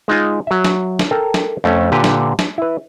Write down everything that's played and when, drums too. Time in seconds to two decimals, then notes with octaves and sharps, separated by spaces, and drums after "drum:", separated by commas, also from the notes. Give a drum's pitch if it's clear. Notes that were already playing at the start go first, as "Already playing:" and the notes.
0.08 G#3 D#4 F4 G#5
0.47 F#3 E5
0.65 drum: snare
0.99 drum: snare
1.11 A4 A#4 G5 A#5
1.34 drum: snare
1.64 F2 A3 C#4
1.92 A#2 D3 G4 B4
2.04 drum: snare
2.39 drum: snare
2.58 E4 B4